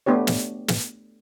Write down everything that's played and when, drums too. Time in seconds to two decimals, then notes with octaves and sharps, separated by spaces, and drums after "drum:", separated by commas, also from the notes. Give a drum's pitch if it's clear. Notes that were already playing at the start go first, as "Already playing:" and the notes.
0.06 A3 B3 D4 G4 C#5
0.27 drum: snare
0.68 drum: snare